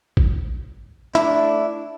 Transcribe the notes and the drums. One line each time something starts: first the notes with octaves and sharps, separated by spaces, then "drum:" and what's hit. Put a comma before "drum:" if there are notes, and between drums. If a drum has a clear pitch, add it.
drum: kick G#1
A3 D4 E4, drum: hi-hat